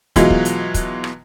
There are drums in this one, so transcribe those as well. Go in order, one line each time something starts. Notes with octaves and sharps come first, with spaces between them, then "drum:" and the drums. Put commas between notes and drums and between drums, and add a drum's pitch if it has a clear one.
B2 E3 F#3 G#3 F4, drum: kick, hi-hat
drum: kick
drum: hi-hat
drum: kick, hi-hat
drum: rim click